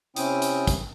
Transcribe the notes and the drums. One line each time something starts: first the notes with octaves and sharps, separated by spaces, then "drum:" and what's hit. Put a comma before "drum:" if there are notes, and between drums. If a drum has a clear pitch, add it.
C3 C4 C#4 E4 G5 D#6, drum: hi-hat
drum: hi-hat
drum: kick, hi-hat